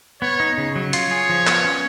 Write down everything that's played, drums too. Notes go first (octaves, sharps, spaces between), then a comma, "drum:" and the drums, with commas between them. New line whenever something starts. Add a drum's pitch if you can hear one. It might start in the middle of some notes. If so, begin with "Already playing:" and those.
B3 C#5
D#4
C#3
F#3
F4 C#5, drum: hi-hat
G#4
F3
B3, drum: clap
C#4